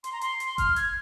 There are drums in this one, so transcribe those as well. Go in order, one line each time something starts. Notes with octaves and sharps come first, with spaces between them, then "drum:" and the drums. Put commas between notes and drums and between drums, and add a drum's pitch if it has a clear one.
C6, drum: hi-hat
A#5
C6, drum: hi-hat
drum: hi-hat
F6, drum: kick F#1, hi-hat
G#6, drum: hi-hat